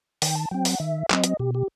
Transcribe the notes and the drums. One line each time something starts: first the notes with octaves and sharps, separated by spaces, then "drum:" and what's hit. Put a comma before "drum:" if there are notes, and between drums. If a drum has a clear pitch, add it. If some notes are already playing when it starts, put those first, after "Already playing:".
D#3 G5, drum: open hi-hat
A5
F#3 C4 G5
F#5, drum: open hi-hat
D#3 E5
F#3 C4 D#5, drum: clap
drum: hi-hat
B2 G4
G4